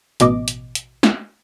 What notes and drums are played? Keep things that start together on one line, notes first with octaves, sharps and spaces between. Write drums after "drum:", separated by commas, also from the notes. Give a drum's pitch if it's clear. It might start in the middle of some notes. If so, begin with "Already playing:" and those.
A1 B2 D#5 D6, drum: hi-hat
drum: hi-hat
drum: hi-hat
drum: snare